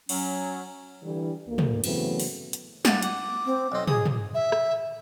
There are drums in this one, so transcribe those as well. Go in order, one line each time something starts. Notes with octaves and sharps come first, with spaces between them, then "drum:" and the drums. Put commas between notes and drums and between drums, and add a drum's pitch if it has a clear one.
F#3 C#4, drum: cymbal
D3 E3 G3
D2 A#3
drum: tom
C#3 E3 F#3 A3 B3 C4, drum: cymbal
drum: open hi-hat
drum: hi-hat
G2 D4 D5 F#5, drum: snare
F#5 D6, drum: hi-hat
C4
B1 C4 D#5
G#4 D#6, drum: tom
drum: tom
E5
drum: rim click